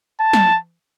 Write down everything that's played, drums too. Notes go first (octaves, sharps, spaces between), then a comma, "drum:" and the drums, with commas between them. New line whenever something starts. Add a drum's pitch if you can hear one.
A5
drum: snare